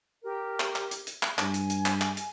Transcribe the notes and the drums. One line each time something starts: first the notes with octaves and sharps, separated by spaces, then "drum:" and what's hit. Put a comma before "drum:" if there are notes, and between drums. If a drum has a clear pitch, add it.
G4 A#4
drum: clap
drum: clap
drum: hi-hat
drum: hi-hat
drum: clap
G2 G#5, drum: clap
drum: hi-hat
drum: hi-hat
drum: clap
drum: clap
drum: hi-hat